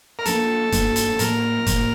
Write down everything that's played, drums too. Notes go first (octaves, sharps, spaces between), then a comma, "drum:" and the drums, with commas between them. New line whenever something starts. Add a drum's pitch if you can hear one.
A#4
G2 F3 A#3 D4 A4, drum: hi-hat
G2 F3 A#3 D4, drum: kick, hi-hat
drum: hi-hat
A2 F3 A#3 A#4, drum: hi-hat
A2 F3 A#3, drum: kick, hi-hat